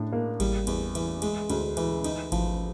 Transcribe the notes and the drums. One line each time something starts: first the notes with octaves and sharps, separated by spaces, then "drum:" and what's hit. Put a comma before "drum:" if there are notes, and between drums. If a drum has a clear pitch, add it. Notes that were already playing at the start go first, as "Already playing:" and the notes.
Already playing: A2 D4
A#3
G3, drum: kick G#1, cymbal
E2, drum: cymbal
E3, drum: cymbal
G#3, drum: cymbal
D2, drum: cymbal
E3, drum: cymbal
D#4, drum: cymbal
F3, drum: kick G#1, cymbal